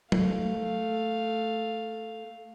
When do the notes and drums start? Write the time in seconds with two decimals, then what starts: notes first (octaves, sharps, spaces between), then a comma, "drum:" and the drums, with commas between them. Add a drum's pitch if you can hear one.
0.12 A3 F5, drum: tom F#3